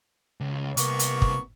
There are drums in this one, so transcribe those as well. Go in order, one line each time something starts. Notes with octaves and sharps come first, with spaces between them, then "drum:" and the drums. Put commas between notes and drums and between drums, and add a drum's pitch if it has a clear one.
C#2
C2 A#3 B3 C#6, drum: hi-hat
drum: hi-hat
drum: kick